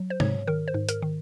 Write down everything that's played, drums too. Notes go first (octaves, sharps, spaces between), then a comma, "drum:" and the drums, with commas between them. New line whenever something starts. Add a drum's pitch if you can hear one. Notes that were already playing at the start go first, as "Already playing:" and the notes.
Already playing: F#3
C5
G#2 C#5, drum: tom C3
D#3 A#4
C5
G#2
A#4, drum: hi-hat
D#3